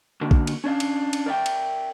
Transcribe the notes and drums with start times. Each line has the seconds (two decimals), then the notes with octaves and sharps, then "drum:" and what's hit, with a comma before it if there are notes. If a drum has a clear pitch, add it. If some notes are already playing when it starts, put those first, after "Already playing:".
0.21 D3 A#3 D4 F#4 A#4
0.31 drum: kick A#1
0.47 drum: cymbal
0.64 C#4 D4 D5 F5
0.80 drum: cymbal
1.13 drum: cymbal
1.26 A#4 D5 E5 G5
1.46 drum: cymbal